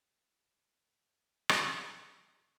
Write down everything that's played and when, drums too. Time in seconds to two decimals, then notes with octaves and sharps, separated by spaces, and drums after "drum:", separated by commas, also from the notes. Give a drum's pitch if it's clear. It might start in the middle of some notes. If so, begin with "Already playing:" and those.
Already playing: B3 D4 D#4
0.62 G2
0.81 G2
1.00 A2
1.18 B2
1.38 B2
1.49 drum: rim click
1.76 B2
1.95 A2
2.14 G2 D4
2.28 G2
2.32 G#2